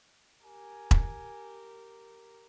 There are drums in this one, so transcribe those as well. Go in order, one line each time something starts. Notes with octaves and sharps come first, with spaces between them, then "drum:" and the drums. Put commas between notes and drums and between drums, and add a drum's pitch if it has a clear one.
G4 A#4 G#5
drum: kick E1